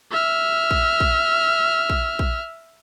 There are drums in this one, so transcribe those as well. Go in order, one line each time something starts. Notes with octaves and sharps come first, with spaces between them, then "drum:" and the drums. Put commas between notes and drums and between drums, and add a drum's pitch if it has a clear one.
E5 F6
drum: kick A#1
drum: kick A#1
drum: kick A#1
drum: kick A#1